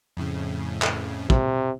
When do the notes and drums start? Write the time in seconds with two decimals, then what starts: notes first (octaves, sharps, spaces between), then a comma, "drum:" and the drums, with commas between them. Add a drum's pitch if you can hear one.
0.17 F2 A2 C#3
0.82 drum: clap
1.30 C3, drum: kick